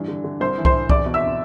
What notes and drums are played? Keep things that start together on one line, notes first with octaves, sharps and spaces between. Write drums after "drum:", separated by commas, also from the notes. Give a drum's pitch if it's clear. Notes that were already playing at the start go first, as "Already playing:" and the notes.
Already playing: G2 E3
D3
D3
C2 C5 C6
E3
C5 C6, drum: kick C2
E3
E2 D5 D6, drum: kick C2
B2
E5 E6